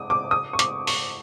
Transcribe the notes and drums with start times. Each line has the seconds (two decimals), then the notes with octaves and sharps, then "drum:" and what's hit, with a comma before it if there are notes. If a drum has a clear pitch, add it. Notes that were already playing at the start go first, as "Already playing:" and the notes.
Already playing: D6 D#6
0.10 D6
0.31 D#6
0.53 C#6
0.59 D6, drum: hi-hat
0.87 C#6, drum: open hi-hat